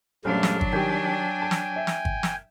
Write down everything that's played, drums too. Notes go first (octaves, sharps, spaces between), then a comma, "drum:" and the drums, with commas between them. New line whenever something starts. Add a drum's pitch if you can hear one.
A#1 F#2 F#3 G3 A3 D4 F5
drum: snare
drum: kick G1
D#3 G3 G4 G5 G#5
A5
drum: snare
E5
drum: snare
drum: kick G1
drum: snare